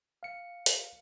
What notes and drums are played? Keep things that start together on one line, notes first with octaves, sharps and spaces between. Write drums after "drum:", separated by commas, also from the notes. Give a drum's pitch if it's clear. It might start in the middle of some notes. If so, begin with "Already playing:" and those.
F5 C#7
drum: hi-hat